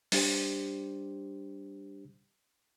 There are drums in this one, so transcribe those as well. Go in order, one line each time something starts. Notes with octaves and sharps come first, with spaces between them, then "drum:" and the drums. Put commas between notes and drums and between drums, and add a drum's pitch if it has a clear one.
G3 D4 G4 C5, drum: open hi-hat